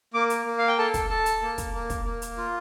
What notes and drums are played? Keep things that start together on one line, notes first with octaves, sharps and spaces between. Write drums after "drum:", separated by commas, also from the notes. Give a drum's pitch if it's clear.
A#3 D6
drum: hi-hat
A#3
F5
G5
A4 A5
drum: kick, hi-hat
A4 A5
drum: hi-hat
A#3
drum: kick, hi-hat
A#3
drum: kick, hi-hat
A#3
drum: hi-hat
F4